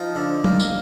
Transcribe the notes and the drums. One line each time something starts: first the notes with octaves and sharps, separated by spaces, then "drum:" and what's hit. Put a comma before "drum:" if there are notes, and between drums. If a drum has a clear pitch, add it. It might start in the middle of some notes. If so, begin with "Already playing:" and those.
Already playing: F3 D#4
D3
A#3, drum: tom F#3
drum: tambourine